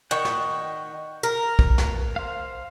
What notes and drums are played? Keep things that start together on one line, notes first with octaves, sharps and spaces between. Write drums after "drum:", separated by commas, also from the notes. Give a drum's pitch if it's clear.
D#3 F#5 G5 C#6
drum: snare
A#4
drum: kick
drum: snare
C5 F5